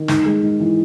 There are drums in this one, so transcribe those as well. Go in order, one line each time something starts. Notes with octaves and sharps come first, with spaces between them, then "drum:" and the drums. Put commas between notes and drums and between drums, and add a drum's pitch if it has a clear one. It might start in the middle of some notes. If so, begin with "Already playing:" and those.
Already playing: D#3
G#2, drum: snare
G#3
G#2
E3